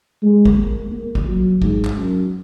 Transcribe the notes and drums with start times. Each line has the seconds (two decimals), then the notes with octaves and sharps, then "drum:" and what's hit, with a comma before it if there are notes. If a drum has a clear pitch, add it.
0.22 G#3
0.45 drum: kick
0.57 A#3
0.91 A#3
1.15 drum: kick
1.27 F#3
1.62 G#2, drum: kick
1.85 drum: clap
1.96 F#2